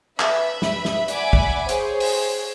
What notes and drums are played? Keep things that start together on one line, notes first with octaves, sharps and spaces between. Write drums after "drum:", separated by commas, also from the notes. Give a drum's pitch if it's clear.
B4 E5 B5, drum: clap
drum: snare
drum: snare
D5 E5 F#5 G#5 B5 D6, drum: hi-hat
drum: kick
G#4 C5 C#5, drum: hi-hat
drum: open hi-hat